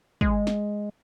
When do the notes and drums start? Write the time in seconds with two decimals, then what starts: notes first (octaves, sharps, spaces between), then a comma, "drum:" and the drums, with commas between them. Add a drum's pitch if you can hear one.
0.21 G#3, drum: kick
0.47 drum: snare